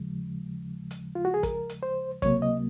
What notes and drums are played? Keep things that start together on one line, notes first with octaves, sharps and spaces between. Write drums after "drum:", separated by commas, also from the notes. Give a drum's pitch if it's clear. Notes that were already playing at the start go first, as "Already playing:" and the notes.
Already playing: D#2 C#3 F3 G#3
drum: hi-hat
F4
F#4
G#4
A#4, drum: kick, hi-hat
drum: hi-hat
C5
C#2 C3 F#3 A#3 C#5, drum: kick, hi-hat
D#5